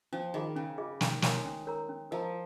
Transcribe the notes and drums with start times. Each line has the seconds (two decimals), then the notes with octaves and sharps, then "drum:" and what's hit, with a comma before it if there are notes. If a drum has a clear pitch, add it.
0.13 F3 C#4
0.34 D#3 F4 G#4 D#5
0.56 C#3 C#4
0.78 F4 G#4 D#5
1.01 D#3 C#4, drum: snare
1.22 G#3 A#4 C#5 A#5, drum: snare
1.45 C#4
1.67 A#4 C#5 A#5
1.89 C#4
2.11 F3 A#4 D#5 A#5